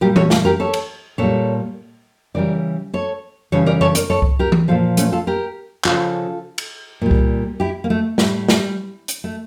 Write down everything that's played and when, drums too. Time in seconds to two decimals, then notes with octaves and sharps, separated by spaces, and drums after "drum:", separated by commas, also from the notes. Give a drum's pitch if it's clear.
0.01 A#2 G3 G4 A#4
0.16 A4 C#5, drum: tom E3
0.30 F4 A4, drum: snare
0.45 G4 A#4
0.60 A4 C#5
0.74 drum: cymbal
1.18 A#2 G3 A4 C#5
2.34 C#3 E3 G3 A#4 D5
2.93 A4 C#5
3.52 C#3 E3 G3 A4 C#5
3.66 A#4 D5
3.81 A4 C#5
3.95 A#4 D5, drum: hi-hat
4.10 A4 C#5
4.22 drum: kick C2
4.39 G4 A#4
4.52 drum: tom E3
4.68 A#2 F3 F4 A4
4.97 A3 C#4, drum: hi-hat
5.12 F4 A4
5.27 G4 A#4
5.84 C#3 F3 F4 A4, drum: clap
6.58 drum: cymbal
7.02 A#2 G3
7.11 drum: kick C2
7.60 E4 G4
7.84 A#3
7.90 A3
8.18 A2 G3 A3, drum: snare
8.48 G3, drum: snare
9.08 drum: hi-hat
9.24 A3